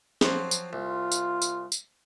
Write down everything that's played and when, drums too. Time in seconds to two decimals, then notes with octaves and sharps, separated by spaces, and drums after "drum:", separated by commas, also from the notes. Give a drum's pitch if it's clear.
0.21 F3 F#3 C4, drum: snare
0.51 drum: tambourine
0.73 C2 F4
1.12 drum: tambourine
1.42 drum: tambourine
1.72 drum: tambourine